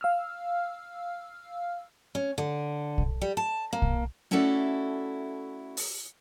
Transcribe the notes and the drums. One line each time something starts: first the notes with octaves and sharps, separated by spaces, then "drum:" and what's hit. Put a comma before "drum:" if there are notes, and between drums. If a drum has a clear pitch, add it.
F5 E6 F6
C#4
D3
drum: kick
G3
A5
A#3
drum: kick
A3 C#4 E4 F#4 A4 D5
drum: open hi-hat